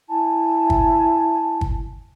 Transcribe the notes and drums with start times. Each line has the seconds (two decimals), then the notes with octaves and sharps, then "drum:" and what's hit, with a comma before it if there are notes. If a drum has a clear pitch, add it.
0.09 E4 G#5 A5
0.70 drum: kick
1.61 drum: kick